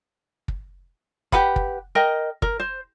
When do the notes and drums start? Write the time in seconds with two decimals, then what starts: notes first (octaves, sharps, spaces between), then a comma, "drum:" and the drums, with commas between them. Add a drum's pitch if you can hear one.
0.48 drum: kick
1.32 G4 B4 F#5 B5, drum: kick
1.56 drum: kick
1.95 A#4 D#5 G5
2.42 A#4, drum: kick
2.60 C5